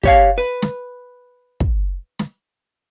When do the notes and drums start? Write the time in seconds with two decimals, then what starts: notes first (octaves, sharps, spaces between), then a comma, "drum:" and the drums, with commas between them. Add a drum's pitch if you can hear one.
0.03 G4 C#5 F5, drum: kick
0.38 B4
0.62 drum: snare
1.60 drum: kick
2.19 drum: snare